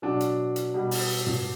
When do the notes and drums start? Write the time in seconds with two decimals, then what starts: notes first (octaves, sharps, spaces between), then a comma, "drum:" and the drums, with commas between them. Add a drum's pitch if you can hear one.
0.02 B2 F#3 D4
0.20 drum: hi-hat
0.56 drum: hi-hat
0.74 B2 G3
0.91 drum: open hi-hat
1.27 drum: tom